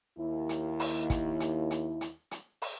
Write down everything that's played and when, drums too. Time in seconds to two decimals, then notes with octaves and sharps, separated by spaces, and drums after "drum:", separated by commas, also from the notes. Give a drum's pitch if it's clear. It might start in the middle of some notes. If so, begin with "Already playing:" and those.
0.19 D#2 E4
0.49 drum: hi-hat
0.79 drum: open hi-hat
1.10 drum: kick, hi-hat
1.40 drum: hi-hat
1.71 drum: hi-hat
2.01 drum: hi-hat
2.31 drum: hi-hat
2.62 drum: open hi-hat